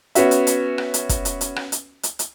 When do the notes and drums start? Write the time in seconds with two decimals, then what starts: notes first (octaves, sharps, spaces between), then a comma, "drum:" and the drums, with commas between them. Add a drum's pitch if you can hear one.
0.15 B3 C#4 F#4 E5, drum: hi-hat
0.31 drum: hi-hat
0.47 drum: hi-hat
0.78 drum: rim click
0.94 drum: hi-hat
1.09 drum: kick, hi-hat
1.25 drum: hi-hat
1.41 drum: hi-hat
1.56 drum: rim click
1.72 drum: hi-hat
2.03 drum: hi-hat
2.19 drum: hi-hat